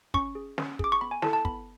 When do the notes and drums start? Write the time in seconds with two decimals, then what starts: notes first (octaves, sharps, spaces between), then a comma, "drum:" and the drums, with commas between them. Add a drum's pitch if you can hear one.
0.14 C#4 C#6, drum: kick
0.35 G#4
0.58 C#4, drum: snare
0.79 G#4 D6, drum: kick
0.92 C#6
1.01 B3 B5
1.11 G#5
1.22 E4 A4 A5, drum: snare
1.33 A5
1.45 B3 B5, drum: kick